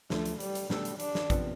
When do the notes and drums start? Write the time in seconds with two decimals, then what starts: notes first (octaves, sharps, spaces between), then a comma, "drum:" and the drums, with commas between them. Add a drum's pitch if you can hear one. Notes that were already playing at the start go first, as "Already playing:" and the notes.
0.10 D2 D3 F3 A3, drum: snare
0.25 drum: hi-hat
0.40 G3, drum: hi-hat
0.55 drum: hi-hat
0.70 B2 G3 A3 D4 A4, drum: snare
0.85 drum: hi-hat
1.00 D4, drum: hi-hat
1.15 drum: snare
1.30 F2 C3 F3 B3 D4, drum: kick, hi-hat